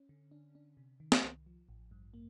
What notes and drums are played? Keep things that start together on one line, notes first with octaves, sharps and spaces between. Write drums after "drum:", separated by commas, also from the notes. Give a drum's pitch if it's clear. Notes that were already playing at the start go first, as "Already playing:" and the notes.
Already playing: C#4
D3
D4
D4
C3
D#3
drum: snare
C2
F3
A1
G2
A#3